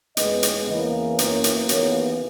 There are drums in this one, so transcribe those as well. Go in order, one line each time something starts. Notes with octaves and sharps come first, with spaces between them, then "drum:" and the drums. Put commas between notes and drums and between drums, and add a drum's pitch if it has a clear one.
E2 C#3 G#3 B3 B4 D#5, drum: hi-hat
drum: hi-hat
E2 C#3 E3 A#3 B4 D#5
F#2 E3 A#3 A#4 C#5, drum: hi-hat
drum: hi-hat
D#2 C#3 E3 B3 A#4 C#5, drum: hi-hat